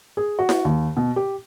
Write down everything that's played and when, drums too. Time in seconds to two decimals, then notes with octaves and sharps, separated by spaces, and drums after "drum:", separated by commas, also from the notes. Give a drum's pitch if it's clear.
0.17 G#4
0.39 F#4
0.49 drum: snare E4
0.65 D#2
0.97 B2
1.16 G4